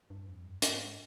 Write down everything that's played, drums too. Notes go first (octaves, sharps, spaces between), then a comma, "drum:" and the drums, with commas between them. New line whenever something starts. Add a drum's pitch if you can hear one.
G2
F2
G2
G#2, drum: hi-hat